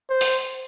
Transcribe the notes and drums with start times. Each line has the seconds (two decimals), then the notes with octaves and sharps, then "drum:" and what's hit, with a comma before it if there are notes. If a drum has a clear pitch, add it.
0.10 C5
0.21 drum: open hi-hat